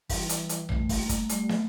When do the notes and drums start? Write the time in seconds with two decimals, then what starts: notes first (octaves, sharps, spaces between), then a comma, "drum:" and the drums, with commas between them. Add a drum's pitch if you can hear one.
0.09 E3 G3, drum: kick, open hi-hat
0.29 drum: hi-hat
0.49 drum: hi-hat
0.69 A3, drum: tom A#1
0.89 drum: kick, open hi-hat
0.99 A#3
1.09 drum: kick, hi-hat
1.29 G3 A3, drum: hi-hat
1.49 drum: snare